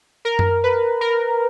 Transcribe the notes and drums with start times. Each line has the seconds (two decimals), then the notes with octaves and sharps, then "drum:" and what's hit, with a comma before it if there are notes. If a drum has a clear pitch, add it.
0.25 A#4
0.39 drum: tom F#2
0.64 B4
1.01 A#4